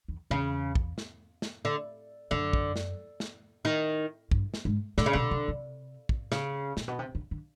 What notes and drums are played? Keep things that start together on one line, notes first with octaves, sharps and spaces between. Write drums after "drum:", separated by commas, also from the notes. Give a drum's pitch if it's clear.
E2
E2 C#3
drum: kick
drum: snare
drum: snare
D3
F#2 D3
drum: kick
drum: snare
drum: snare
D#3
G2, drum: kick
drum: snare
G#2
A2 D3, drum: snare
C#3
B2 D3
C3
C3
drum: kick
C#3, drum: snare
A#2, drum: snare
B2
C3
C#3
D3